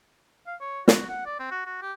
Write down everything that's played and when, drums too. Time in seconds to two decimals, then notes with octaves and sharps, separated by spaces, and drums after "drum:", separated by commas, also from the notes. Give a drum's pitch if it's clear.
0.47 F5
0.61 C#5
0.88 F#4, drum: snare
1.09 F#5
1.26 D5
1.39 C4
1.51 F#4
1.66 F#4
1.82 G4